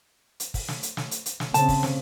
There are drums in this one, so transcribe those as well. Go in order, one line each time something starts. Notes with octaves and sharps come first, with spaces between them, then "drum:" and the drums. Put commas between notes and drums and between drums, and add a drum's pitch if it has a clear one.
drum: hi-hat
drum: kick, open hi-hat
drum: snare
drum: hi-hat
drum: snare
drum: hi-hat
drum: hi-hat
drum: snare
C#3 C4 A5, drum: hi-hat
drum: kick, open hi-hat
drum: snare